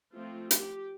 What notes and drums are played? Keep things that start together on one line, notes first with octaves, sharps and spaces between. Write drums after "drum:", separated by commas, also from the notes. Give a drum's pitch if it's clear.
F3 A3 C4 F4
G4, drum: hi-hat